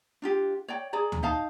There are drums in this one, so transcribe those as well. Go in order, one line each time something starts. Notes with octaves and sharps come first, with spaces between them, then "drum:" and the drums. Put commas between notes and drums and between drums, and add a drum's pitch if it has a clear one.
D4 F4 G4
C#5 D5 G5
G#4 D5 A#5
drum: tom D2
D#4 D#5 F5 A5